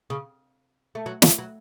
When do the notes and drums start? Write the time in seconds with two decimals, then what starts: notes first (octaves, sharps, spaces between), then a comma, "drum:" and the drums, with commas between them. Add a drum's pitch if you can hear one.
0.10 C#3
0.95 A3
1.06 F#3
1.22 A3, drum: snare
1.38 F#3